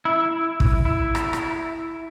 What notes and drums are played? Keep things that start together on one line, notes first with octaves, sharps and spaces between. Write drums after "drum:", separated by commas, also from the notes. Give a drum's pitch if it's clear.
E4
drum: kick
E4
drum: rim click
drum: rim click